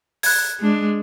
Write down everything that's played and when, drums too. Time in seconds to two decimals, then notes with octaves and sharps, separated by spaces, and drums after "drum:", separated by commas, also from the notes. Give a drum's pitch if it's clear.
0.23 F#6 G#6, drum: open hi-hat
0.59 G#3 D4